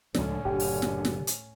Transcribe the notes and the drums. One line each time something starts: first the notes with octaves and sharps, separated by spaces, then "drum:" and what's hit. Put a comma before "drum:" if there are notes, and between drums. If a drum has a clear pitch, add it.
C#2 A2 D3 F3 C#4, drum: snare
F#1 G4
drum: open hi-hat
drum: snare
drum: snare
drum: hi-hat